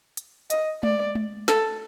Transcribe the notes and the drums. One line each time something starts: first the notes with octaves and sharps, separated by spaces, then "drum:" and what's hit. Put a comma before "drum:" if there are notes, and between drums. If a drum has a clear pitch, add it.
drum: hi-hat
D#5, drum: hi-hat
D5, drum: tom G#3
drum: tom G#3
A4, drum: snare